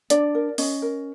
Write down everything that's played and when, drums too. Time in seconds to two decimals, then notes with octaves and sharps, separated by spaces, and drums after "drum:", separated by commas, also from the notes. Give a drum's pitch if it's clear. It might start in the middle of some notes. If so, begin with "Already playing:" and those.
0.10 D4 D5, drum: hi-hat
0.35 A#4
0.58 C#4 D#5, drum: open hi-hat
0.82 A#4